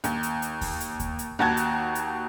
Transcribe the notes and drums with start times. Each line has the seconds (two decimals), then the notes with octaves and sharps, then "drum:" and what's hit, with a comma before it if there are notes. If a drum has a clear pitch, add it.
0.04 D#2, drum: hi-hat
0.23 drum: hi-hat
0.42 drum: hi-hat
0.61 drum: kick D#2, open hi-hat
0.80 drum: hi-hat
1.00 drum: kick D#2, hi-hat
1.19 drum: hi-hat
1.39 D#2 F#4 A5 G#6
1.57 drum: hi-hat
1.95 drum: hi-hat